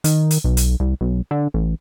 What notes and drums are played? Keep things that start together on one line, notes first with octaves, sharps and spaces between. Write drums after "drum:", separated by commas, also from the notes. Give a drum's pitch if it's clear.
D#3, drum: hi-hat
drum: hi-hat
B1
drum: hi-hat
C2
B1
D3
A1